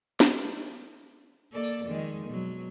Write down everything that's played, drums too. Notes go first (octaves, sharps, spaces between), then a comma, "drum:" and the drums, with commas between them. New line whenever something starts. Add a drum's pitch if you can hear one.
drum: snare
A#3 A4 D5
drum: tambourine
F2 D#3 G#3
B2 F#3